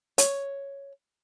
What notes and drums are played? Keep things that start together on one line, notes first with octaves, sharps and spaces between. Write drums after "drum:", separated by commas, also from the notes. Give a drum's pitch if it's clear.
C#5, drum: hi-hat